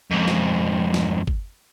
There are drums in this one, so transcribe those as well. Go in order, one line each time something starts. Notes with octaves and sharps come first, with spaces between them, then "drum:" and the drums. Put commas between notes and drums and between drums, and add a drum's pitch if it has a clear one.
F2 G#2
drum: snare
drum: snare
drum: kick